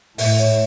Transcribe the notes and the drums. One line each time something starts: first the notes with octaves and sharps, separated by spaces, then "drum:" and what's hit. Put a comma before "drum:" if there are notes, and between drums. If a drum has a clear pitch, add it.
A2 E5, drum: open hi-hat
C#5